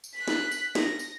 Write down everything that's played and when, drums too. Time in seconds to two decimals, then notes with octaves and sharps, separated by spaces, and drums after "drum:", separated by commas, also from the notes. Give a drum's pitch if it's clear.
0.04 drum: tambourine
0.15 F#6 B6
0.28 drum: snare
0.51 drum: tambourine
0.75 A#6, drum: snare
0.99 drum: tambourine